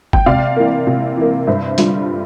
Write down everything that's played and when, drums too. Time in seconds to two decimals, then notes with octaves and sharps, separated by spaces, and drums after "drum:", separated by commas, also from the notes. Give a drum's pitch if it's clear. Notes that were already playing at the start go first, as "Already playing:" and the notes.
0.13 G5, drum: kick
0.26 C3 D5 F5
0.56 E3 A#3
0.87 C3
1.17 E3 A#3
1.47 G2 C5 E5
1.78 D3 G3 D4 F4, drum: hi-hat